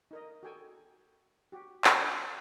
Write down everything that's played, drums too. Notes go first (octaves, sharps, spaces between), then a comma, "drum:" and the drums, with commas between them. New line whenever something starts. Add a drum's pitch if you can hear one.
D#4 A#4 D#5
F#4 G#4 A4 G5 G#5
F#4 G4
drum: clap